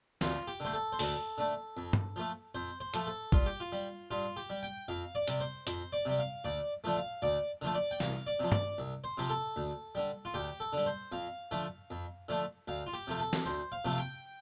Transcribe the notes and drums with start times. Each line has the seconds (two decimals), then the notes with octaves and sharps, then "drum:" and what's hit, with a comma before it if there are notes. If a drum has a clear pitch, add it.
0.21 D2 F4, drum: snare
0.47 G4
0.60 D3 A3 C5
0.73 A4
0.92 C5
0.99 D2 A4, drum: open hi-hat
1.38 D3 A3
1.77 F2
1.93 drum: tom G2
2.16 F3 A3
2.55 F2 C5
2.80 C5
2.94 F3 A3, drum: hi-hat
3.07 A4
3.32 G2 F4, drum: kick
3.46 G4
3.60 F4
3.72 G3
4.11 G2 F4
4.37 G4
4.50 G3
4.63 G5
4.88 F2 F5
5.15 D5
5.28 C3 G3, drum: hi-hat
5.40 C5
5.67 F2 C5, drum: hi-hat
5.93 D5
6.05 C3 G3
6.19 F5
6.44 D2 D5
6.84 D3 F3 A3
6.96 F5
7.22 D2 D5
7.62 D3 F3 A3
7.75 D5
7.91 G5
8.00 C2 F5, drum: snare
8.27 D5
8.40 C3 F3
8.52 D5, drum: tom G2
8.78 C2
9.04 C5
9.18 C3 F3 G4
9.30 A4
9.56 D2
9.95 D3 G3
10.25 F4
10.34 D2 G4
10.60 A4
10.73 D3 G3
10.86 C5
11.12 F2 F5
11.51 D3 F3 A3
11.90 F2
12.29 D3 F3 A3
12.68 D2 F5
12.86 F4
12.93 G4
13.07 C3 F3 A3
13.20 A4
13.33 drum: snare
13.45 D2 C5
13.72 F5
13.85 C3 F3 A3
13.92 F5
13.98 G5